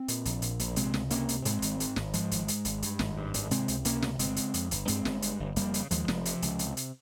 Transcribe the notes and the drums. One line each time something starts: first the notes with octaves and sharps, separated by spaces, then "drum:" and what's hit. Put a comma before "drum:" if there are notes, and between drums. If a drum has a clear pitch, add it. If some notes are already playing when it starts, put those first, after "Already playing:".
Already playing: C4
A#2, drum: hi-hat
A#1, drum: hi-hat
A#2, drum: hi-hat
A#1, drum: hi-hat
C3 G#3 C4, drum: hi-hat
C#2, drum: snare
C3 A#3 C#4, drum: hi-hat
C#2, drum: hi-hat
G#2 G#3 C4, drum: hi-hat
G#1, drum: hi-hat
G#2, drum: hi-hat
G#1, drum: snare
G#2 F3 G#3, drum: hi-hat
G#1, drum: hi-hat
G#2, drum: hi-hat
G#1, drum: hi-hat
G2, drum: hi-hat
G#1, drum: snare
G2
G#1, drum: hi-hat
C3 G#3 C4, drum: hi-hat
C#2, drum: hi-hat
C3 A#3 C#4, drum: hi-hat
C#2, drum: snare
G1 G#3 C4, drum: hi-hat
C#3, drum: hi-hat
F2, drum: hi-hat
G1, drum: hi-hat
G2 G#3 C4, drum: hi-hat
G1, drum: snare
G2, drum: hi-hat
G1
F1 G3 A#3, drum: hi-hat
C#3, drum: hi-hat
D#2 F3 G#3, drum: hi-hat
F1, drum: snare
C3, drum: hi-hat
C#2, drum: hi-hat
C3, drum: hi-hat
drum: hi-hat